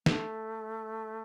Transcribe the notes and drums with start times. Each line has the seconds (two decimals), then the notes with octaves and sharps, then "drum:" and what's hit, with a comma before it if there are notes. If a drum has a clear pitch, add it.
0.06 A3, drum: snare